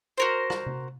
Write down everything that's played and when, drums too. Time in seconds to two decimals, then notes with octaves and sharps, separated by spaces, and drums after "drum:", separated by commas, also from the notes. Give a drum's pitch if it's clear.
0.18 F#4 A#4 C5
0.50 drum: rim click
0.66 drum: tom C3